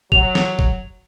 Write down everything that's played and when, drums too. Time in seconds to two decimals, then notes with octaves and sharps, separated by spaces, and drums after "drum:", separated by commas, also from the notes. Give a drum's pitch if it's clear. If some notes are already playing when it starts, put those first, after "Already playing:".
0.12 F#3 F7, drum: kick
0.35 drum: snare
0.59 drum: kick